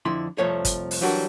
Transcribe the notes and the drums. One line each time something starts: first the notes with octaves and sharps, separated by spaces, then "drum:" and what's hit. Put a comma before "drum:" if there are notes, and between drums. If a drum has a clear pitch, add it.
F2 D3 E4 C6
C2 F2 F3 A3 C#5
drum: kick G1, hi-hat
drum: open hi-hat
E3 F#3 G3 D4 F#4 A#4